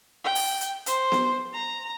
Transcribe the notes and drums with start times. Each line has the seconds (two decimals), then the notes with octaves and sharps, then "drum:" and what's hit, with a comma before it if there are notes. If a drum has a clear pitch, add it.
0.24 G5
0.35 drum: open hi-hat
0.61 drum: hi-hat
0.86 C5, drum: hi-hat
1.12 drum: snare B3
1.54 A#5